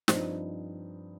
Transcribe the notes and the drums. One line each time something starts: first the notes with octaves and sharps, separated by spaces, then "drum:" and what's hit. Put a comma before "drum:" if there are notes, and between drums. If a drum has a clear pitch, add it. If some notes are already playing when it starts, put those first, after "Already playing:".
G2 F3 C4 D#4, drum: snare